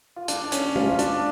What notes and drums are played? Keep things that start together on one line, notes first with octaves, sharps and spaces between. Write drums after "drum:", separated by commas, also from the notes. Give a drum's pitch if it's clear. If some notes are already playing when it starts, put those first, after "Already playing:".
F4
D4, drum: hi-hat
C#4, drum: hi-hat
F4, drum: tom
D4, drum: hi-hat